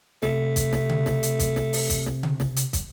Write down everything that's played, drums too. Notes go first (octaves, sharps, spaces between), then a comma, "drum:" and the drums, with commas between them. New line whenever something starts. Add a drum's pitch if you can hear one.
C3 A3, drum: snare
drum: kick, hi-hat
drum: snare
drum: tom C#3
drum: snare
drum: hi-hat
drum: kick, hi-hat
drum: snare
drum: open hi-hat
drum: kick, hi-hat
drum: snare
drum: tom C#3
drum: snare
drum: hi-hat
drum: kick, hi-hat